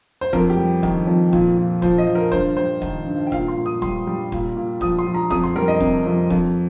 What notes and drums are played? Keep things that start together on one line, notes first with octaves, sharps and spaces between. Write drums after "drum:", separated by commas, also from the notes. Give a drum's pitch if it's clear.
C5
F2 A#4, drum: kick
G4
G3
D#3, drum: kick
F2
A#2, drum: kick
A#2
F3 C5, drum: kick
D#5
F3
A#4
G2 C5, drum: kick
G3 C5
D#3, drum: kick
G2
G5
A#2 F5, drum: kick
C6
A#2
D#6
G3 C6, drum: kick
G3
A#2, drum: kick
A#2
F3 D#6, drum: kick
C6
F3
A#5
F2 D#6, drum: kick
C6
G3 A#4
D#5
C3, drum: kick
F2
F2, drum: kick